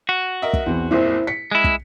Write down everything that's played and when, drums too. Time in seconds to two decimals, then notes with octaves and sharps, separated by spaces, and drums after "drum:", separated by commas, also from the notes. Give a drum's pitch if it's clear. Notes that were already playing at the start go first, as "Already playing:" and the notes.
0.09 F#4
0.42 A#4 D#5 E5
0.53 drum: kick
0.66 E2 E3 C4
0.91 F#1 C2 A#2 E4 C5
1.27 B6 C#7
1.51 G#3 E4
1.64 drum: kick